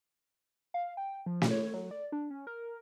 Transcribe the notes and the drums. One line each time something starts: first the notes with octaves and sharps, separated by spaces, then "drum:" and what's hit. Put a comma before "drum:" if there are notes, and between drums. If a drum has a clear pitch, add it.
F5
G5
F3
drum: snare
C#5
F#3
D5
D4
C#4
A#4